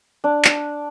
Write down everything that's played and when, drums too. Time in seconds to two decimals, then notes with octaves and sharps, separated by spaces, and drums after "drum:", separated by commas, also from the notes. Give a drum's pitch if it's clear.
0.24 D4
0.45 drum: clap